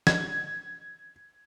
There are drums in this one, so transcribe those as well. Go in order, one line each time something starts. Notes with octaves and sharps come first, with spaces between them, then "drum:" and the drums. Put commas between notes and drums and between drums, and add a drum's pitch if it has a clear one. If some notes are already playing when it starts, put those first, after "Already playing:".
G#6, drum: snare